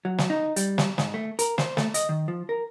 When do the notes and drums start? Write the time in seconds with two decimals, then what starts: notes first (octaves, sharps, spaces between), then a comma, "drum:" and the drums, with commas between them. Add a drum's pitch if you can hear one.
0.05 F#3
0.18 drum: snare
0.30 D#4
0.56 G3, drum: hi-hat
0.78 drum: snare
0.98 G#2, drum: snare
1.14 A3
1.39 A#4, drum: hi-hat
1.58 C5, drum: snare
1.77 A3, drum: snare
1.94 D#5, drum: hi-hat
2.09 D#3
2.28 F3
2.49 A#4